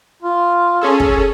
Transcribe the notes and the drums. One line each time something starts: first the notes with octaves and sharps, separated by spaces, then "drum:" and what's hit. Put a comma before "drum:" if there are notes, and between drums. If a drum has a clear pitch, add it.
F4
C#4 G#4 A4
drum: kick